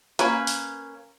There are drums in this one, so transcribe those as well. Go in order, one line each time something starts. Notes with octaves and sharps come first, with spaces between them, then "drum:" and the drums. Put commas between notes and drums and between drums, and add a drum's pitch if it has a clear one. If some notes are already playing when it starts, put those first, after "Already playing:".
A#3 C#4 B4, drum: hi-hat
drum: open hi-hat